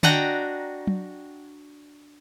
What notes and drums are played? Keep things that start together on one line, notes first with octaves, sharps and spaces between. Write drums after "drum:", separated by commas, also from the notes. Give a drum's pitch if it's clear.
D4 F#4 D#5 F#5 G5 A#5, drum: tom D3
drum: tom F#3